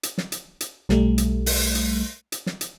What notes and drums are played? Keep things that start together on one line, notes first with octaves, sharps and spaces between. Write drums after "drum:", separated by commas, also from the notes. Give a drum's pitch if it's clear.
drum: hi-hat
drum: snare
drum: hi-hat
drum: hi-hat
B1 G3 A3, drum: snare
drum: hi-hat
drum: open hi-hat
drum: hi-hat
drum: hi-hat
drum: snare
drum: hi-hat